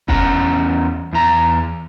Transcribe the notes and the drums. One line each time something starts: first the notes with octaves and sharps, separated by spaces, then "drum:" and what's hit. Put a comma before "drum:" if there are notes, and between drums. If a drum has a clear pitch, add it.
E2 C#4 F#5 A#5, drum: kick F1
E2 A#5